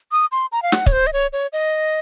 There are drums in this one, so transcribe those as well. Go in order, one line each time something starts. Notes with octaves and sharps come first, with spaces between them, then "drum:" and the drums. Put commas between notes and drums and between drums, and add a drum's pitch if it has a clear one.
D#6
C6
A#5
F5
F#5, drum: snare
C#5, drum: kick
C5
D#5
C#5
C#5
D#5